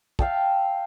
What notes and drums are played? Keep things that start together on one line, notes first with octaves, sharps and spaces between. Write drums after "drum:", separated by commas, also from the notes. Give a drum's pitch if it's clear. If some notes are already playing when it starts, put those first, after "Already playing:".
E5 F5 G5 A5, drum: kick